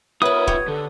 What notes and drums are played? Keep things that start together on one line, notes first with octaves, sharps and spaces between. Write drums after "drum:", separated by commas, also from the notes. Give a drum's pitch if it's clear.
B3 F4 A#4 B4 C#5 E5 D#6
G4 C#5 G5 G#6, drum: kick D1
D3 A4